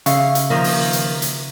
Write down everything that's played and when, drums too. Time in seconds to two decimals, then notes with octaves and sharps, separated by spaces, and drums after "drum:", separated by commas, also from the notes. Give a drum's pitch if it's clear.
0.06 C#3 E5 F5 C#6, drum: hi-hat
0.35 drum: hi-hat
0.50 D#3 F3 A#3
0.64 drum: open hi-hat
0.93 drum: hi-hat
1.22 drum: hi-hat